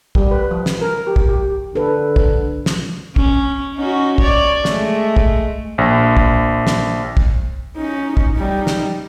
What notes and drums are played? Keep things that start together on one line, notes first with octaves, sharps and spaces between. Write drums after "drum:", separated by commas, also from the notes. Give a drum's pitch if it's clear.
G3, drum: kick
B4
F3
drum: snare
A#4
G4
drum: kick
G4
D3 A4 B4
drum: kick
drum: snare
C#4, drum: kick
C#4 D#4 F#4
C#5 D5, drum: kick
G#3 A3, drum: snare
drum: kick
A#1
drum: kick
drum: snare
drum: kick
C#4 D#4
drum: kick
G3 D#4
drum: snare